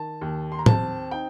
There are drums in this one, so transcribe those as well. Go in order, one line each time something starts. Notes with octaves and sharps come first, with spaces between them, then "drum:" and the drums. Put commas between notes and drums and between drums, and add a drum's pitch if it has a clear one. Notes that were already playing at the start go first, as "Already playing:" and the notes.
Already playing: D#3 A5
D#2
C6
A#5
C4 A5, drum: tom A2
D#4 G5